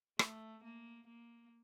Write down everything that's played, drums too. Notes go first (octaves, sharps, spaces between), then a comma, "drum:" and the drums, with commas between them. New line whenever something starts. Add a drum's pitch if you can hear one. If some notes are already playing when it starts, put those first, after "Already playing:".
A3, drum: rim click
A#3
A#3